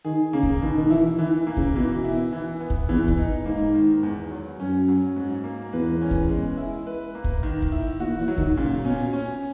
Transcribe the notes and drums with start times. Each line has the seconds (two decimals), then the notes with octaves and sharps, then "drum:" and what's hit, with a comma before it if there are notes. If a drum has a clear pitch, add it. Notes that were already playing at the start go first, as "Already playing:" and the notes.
0.05 D#3 G#4
0.33 C#3 A#3
0.43 drum: kick
0.62 B2 D#3
0.77 D#3
0.90 E3 E4
1.05 E3
1.19 D#3 E3
1.47 A#3
1.57 C#3, drum: kick
1.76 B2 E3
2.04 E4
2.33 E3
2.60 B3
2.70 drum: kick
2.89 E2 E3
3.08 drum: kick
3.18 D#4
3.46 G#2 A#3
3.75 D#3
4.03 E2
4.30 F#3
4.60 F#2 C#4
4.88 F#3
5.16 G#2
5.44 A#3
5.73 E2 B4
6.01 C#4
6.11 drum: kick
6.29 G#3
6.57 E4
6.87 B4
7.15 A#3
7.24 drum: kick
7.43 D#3
7.62 drum: kick
7.72 E4
8.00 A#2 F#4
8.19 E3
8.28 F#3
8.38 D#3, drum: kick
8.57 A#2 C#3
8.85 B2 C#4
9.13 C#4